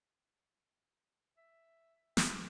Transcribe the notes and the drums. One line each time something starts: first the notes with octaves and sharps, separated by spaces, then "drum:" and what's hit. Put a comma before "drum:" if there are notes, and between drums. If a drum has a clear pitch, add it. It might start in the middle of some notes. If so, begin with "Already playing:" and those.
E5
C4 G5, drum: snare